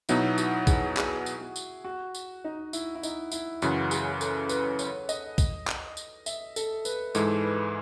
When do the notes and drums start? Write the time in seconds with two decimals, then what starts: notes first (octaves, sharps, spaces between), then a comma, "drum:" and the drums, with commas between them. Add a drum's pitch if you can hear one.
0.09 B2 F#3 B3 D#4 E4, drum: tambourine
0.38 F#4, drum: tambourine
0.67 G#4, drum: kick, tambourine
0.97 G#4, drum: clap
1.26 drum: tambourine
1.41 F#4
1.56 drum: tambourine
1.85 F#4
2.15 drum: tambourine
2.45 D#4
2.73 E4, drum: tambourine
2.95 E4
3.03 D#4, drum: tambourine
3.32 E4, drum: tambourine
3.62 F#2 C#3 E3 F#4, drum: tambourine
3.91 G#4, drum: tambourine
4.21 A4, drum: tambourine
4.49 B4, drum: tambourine
4.79 C#5, drum: tambourine
5.09 D#5, drum: tambourine
5.38 drum: kick, tambourine
5.67 drum: clap
5.97 drum: tambourine
6.26 E5, drum: tambourine
6.56 A4, drum: tambourine
6.85 B4, drum: tambourine
7.15 G#2 E3 G#3 A4, drum: tambourine
7.43 B4